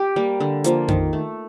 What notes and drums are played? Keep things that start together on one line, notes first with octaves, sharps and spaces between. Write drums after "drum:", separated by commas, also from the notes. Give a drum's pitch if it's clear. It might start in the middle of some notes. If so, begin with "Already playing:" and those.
Already playing: G4
G3 A#3
D3
F3 A#3, drum: hi-hat
D#3, drum: tom F2
A3